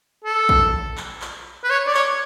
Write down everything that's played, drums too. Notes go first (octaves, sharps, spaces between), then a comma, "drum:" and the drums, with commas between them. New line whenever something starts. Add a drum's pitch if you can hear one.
A4
drum: kick A#1
drum: clap
drum: clap
B4
C#5
D5
C#5, drum: clap